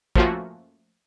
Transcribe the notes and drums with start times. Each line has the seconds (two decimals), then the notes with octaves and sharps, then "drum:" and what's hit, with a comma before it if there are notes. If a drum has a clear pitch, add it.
0.16 F3 A3 A#3 C#4 F4 F#4, drum: kick